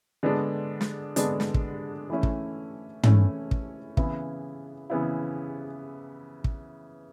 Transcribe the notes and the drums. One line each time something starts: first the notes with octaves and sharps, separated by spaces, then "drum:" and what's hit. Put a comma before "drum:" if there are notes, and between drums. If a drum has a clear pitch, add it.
D3 G#3 B3 D4
drum: snare
D3 G#3 B3 D4, drum: hi-hat
drum: snare
drum: kick
E3 A3 C#4 E4
drum: kick
E3 A3 C#4 E4, drum: tom
drum: kick
C#3 E3 B3 E4, drum: kick
C#3 E3 B3 E4
drum: kick